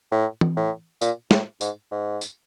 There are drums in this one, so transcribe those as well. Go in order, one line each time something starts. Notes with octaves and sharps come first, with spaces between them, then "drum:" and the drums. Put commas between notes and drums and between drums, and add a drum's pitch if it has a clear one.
A2
drum: tom E3
A2
A#2, drum: tambourine
A2, drum: snare
G#2, drum: tambourine
G#2
drum: tambourine